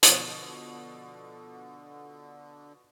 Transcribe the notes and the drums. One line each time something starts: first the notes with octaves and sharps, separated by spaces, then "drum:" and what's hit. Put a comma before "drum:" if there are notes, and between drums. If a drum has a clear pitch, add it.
B2 D3 F3, drum: hi-hat